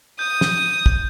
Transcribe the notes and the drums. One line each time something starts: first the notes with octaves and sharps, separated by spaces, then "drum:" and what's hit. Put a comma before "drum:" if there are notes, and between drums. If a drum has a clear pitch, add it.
D#6 G6
drum: snare
drum: kick